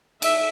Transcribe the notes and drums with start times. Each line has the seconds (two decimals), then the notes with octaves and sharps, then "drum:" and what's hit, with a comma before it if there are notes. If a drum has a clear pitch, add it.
0.22 E5, drum: cymbal